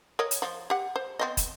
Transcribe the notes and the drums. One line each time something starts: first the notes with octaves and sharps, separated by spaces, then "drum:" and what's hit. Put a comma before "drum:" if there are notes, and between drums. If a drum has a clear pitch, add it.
A#4 C#5 D#5
drum: hi-hat
F3
G4 F#5
C5
B3 C4 D#5
drum: kick, hi-hat